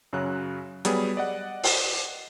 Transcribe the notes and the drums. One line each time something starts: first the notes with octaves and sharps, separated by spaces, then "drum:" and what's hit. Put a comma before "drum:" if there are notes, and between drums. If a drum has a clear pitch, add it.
F#2 C#3 F#3 F#6
F#3 G3 B3 G#4, drum: hi-hat
D5 D#5 F#5
drum: open hi-hat